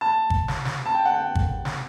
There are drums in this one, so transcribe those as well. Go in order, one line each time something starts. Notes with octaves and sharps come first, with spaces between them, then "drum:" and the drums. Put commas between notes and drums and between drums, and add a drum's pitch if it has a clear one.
A5
drum: kick
drum: snare
drum: snare
A5
G5
F#5
G5
drum: kick
drum: snare